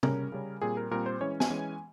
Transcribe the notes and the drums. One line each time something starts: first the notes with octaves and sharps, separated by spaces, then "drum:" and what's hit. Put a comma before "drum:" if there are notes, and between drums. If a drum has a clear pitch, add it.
C#3 G3 C#4 A#4, drum: tom
C#3 G3 C#4
A#2 G3 C4 G#4
A#4
A#2 G3 C4 A#4
C5
E3 G#3 C#4 C#5
G#5, drum: snare
E3 G#3 C#4